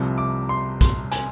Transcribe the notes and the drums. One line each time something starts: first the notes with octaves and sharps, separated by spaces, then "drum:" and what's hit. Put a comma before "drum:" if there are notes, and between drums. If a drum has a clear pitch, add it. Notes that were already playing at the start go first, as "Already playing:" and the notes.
Already playing: C2 C3 F3
D6
C6
C6, drum: kick, hi-hat
G#5, drum: hi-hat